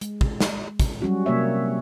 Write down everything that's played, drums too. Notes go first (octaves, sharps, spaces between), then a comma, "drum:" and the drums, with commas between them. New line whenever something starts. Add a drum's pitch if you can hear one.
G#3, drum: hi-hat
drum: kick
drum: snare
drum: kick, hi-hat
F#3 G3 C#4 F#4
C3 A#3 C#5 E5